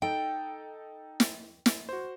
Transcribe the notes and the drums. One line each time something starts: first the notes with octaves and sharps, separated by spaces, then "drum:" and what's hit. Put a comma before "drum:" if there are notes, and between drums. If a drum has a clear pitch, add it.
D#4 A4 G5
drum: snare
drum: snare
F#4 C5